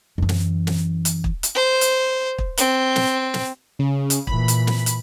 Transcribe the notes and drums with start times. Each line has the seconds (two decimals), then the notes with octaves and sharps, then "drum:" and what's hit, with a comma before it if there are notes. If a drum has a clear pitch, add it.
0.18 F#2 E3
0.29 drum: snare
0.67 drum: snare
1.05 drum: hi-hat
1.24 drum: kick
1.43 drum: hi-hat
1.55 C5
1.81 drum: hi-hat
2.38 drum: kick
2.58 C4, drum: hi-hat
2.96 drum: snare
3.34 drum: snare
3.79 C#3
4.10 drum: hi-hat
4.27 A#2 E3 B5, drum: kick
4.48 drum: hi-hat
4.67 drum: snare
4.86 drum: hi-hat